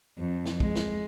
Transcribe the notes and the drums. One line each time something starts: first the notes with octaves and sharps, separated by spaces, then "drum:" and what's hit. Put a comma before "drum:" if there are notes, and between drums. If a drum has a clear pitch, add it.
F2
drum: snare
G#3, drum: kick
drum: snare